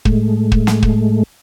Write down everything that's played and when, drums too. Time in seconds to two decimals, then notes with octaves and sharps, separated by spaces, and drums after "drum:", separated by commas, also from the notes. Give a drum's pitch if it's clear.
0.05 A2 G#3 A3, drum: kick
0.52 drum: kick
0.67 drum: snare
0.82 drum: kick